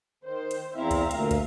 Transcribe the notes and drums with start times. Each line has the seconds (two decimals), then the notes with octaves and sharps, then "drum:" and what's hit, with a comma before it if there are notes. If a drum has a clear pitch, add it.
0.24 D#3 C5
0.51 drum: hi-hat
0.75 E2 C4 E4 E5 F5 A#5
0.91 drum: kick, hi-hat
1.11 D2 A#2, drum: hi-hat
1.31 drum: kick, hi-hat